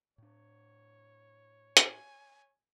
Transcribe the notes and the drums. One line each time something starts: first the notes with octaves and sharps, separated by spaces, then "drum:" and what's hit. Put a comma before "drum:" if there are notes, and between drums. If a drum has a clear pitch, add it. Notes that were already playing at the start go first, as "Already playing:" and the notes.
A2 D4 C#5
G#5, drum: hi-hat